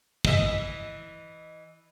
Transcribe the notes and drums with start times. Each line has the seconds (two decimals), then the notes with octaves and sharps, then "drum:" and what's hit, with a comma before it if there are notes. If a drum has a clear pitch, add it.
0.25 E3 D#5 E5, drum: kick